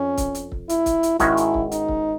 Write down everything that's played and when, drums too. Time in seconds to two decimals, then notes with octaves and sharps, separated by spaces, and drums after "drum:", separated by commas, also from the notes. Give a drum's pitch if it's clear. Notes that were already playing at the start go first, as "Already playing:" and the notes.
Already playing: F2 C#4
0.17 drum: kick, hi-hat
0.35 drum: hi-hat
0.52 drum: kick
0.69 E4, drum: hi-hat
0.86 drum: kick, hi-hat
1.03 drum: hi-hat
1.19 G#2 D#3 G#3 C#4 E4 F#4, drum: kick, hi-hat
1.37 drum: hi-hat
1.54 drum: kick
1.72 D#4, drum: hi-hat
1.89 drum: kick